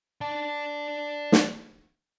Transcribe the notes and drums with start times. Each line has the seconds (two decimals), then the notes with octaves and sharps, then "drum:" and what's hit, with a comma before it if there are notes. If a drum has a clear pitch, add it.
0.21 D5 A5
1.32 drum: snare